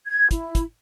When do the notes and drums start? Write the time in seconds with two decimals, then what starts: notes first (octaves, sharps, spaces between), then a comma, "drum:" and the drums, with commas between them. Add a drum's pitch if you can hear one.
0.07 G#6
0.31 E4, drum: kick, hi-hat
0.55 drum: kick, hi-hat